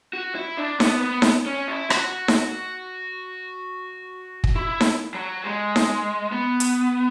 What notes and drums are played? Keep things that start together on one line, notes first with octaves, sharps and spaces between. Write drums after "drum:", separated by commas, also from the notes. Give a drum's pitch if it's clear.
F#4
E4
D4
B3, drum: snare D#4
B3
drum: snare D#4
C#4
E4
F#4, drum: rim click
drum: snare D#4
drum: kick
E4
drum: snare D#4
F#3
G#3
drum: snare D#4
B3
drum: hi-hat